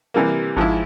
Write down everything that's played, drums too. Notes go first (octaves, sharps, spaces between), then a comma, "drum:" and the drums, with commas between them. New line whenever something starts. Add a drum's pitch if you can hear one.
C3 E3 G3 A#3
G#2 F3 G#3 E4, drum: kick G#1